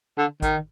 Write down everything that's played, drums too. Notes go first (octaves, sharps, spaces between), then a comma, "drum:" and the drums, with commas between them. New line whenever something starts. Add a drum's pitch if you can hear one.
D3
D#3, drum: kick, hi-hat